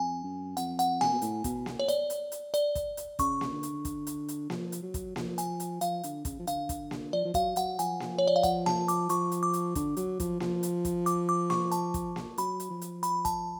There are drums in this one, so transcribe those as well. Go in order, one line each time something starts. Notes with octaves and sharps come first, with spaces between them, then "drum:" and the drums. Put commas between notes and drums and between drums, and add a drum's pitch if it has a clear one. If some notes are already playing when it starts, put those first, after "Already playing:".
Already playing: F2 G#5
F#2
F2 F#5, drum: hi-hat
F#5, drum: hi-hat
G#5, drum: snare A#3
B2
A2, drum: hi-hat
B2, drum: kick, hi-hat
drum: snare A#3
C#5
D5, drum: hi-hat
drum: hi-hat
drum: hi-hat
D5, drum: hi-hat
drum: kick, hi-hat
drum: hi-hat
C#3 C#6, drum: kick, hi-hat
drum: snare A#3
D3
drum: hi-hat
drum: kick, hi-hat
drum: hi-hat
drum: hi-hat
F3, drum: snare A#3
drum: hi-hat
F#3
drum: kick, hi-hat
F3, drum: snare A#3
G#5, drum: hi-hat
drum: hi-hat
F3 F5, drum: hi-hat
D3, drum: hi-hat
C#3, drum: kick, hi-hat
F3
D3 F5, drum: hi-hat
drum: kick, hi-hat
drum: snare A#3
F3 D5
F3
F#3 F5, drum: kick, hi-hat
F#3 F#5, drum: hi-hat
F3 G#5, drum: hi-hat
drum: snare A#3
C#5
D5
F5
F3 F#5, drum: kick, hi-hat
A5, drum: snare A#3
D6, drum: hi-hat
F3 C#6, drum: hi-hat
drum: hi-hat
D6
drum: hi-hat
D3, drum: kick, hi-hat
F#3, drum: hi-hat
F3, drum: kick, hi-hat
F3, drum: snare A#3
drum: hi-hat
drum: kick, hi-hat
D6, drum: hi-hat
D6
C#6, drum: snare A#3
A5, drum: hi-hat
drum: kick, hi-hat
drum: snare A#3
F#3 B5, drum: hi-hat
drum: hi-hat
F3
drum: hi-hat
B5, drum: hi-hat
A5, drum: kick, hi-hat